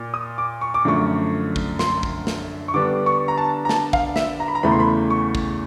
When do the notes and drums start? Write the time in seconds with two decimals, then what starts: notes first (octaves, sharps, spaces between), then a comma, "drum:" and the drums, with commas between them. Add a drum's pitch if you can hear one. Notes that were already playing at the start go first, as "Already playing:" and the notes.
Already playing: A#2
0.14 D#6
0.38 D6
0.61 C#6
0.74 D6
0.85 F#2 D3 F3 A3 C#6
1.56 drum: kick
1.79 C6, drum: snare
2.03 drum: kick
2.27 drum: snare
2.68 C#6
2.74 D3 G3 B3 D4 D6
3.06 C#6
3.28 A#5
3.38 A5
3.65 A#5
3.69 A5, drum: snare
3.93 F5, drum: kick
4.16 E5, drum: snare
4.40 A#5
4.48 B5
4.55 A#5
4.63 E2 C#3 E3 A3 B5
4.71 C6
4.80 B5
5.10 C#6
5.35 drum: kick